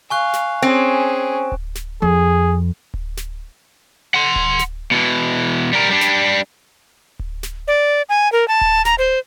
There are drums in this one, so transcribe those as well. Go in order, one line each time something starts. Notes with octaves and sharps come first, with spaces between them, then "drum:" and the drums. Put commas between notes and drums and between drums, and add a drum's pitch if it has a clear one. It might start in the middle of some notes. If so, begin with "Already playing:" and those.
F5 G#5 C#6 F#6
drum: snare
C4 C#4 G#4
drum: kick D1
drum: snare
F2 G#4
drum: kick D1
drum: snare
F#5 C6
drum: kick D1
drum: snare
B2 E3
G3 A#4
G3 D4
drum: snare
drum: kick D1
drum: snare
D5
G#5
A#4
A5
drum: kick D1
A#5, drum: snare
C5